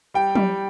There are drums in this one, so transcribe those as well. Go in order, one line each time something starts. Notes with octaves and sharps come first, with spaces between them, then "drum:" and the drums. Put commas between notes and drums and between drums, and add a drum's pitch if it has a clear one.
G3 G5
G3, drum: tom